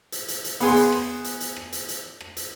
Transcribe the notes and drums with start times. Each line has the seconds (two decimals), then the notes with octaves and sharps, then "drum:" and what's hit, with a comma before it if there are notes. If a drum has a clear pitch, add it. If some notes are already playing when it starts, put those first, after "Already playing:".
0.12 drum: hi-hat
0.28 drum: hi-hat
0.44 drum: hi-hat
0.60 B3 G#4 C6, drum: open hi-hat
0.76 drum: hi-hat
0.92 drum: rim click
1.24 drum: hi-hat
1.40 drum: hi-hat
1.56 drum: rim click
1.72 drum: hi-hat
1.88 drum: hi-hat
2.21 drum: rim click
2.37 drum: hi-hat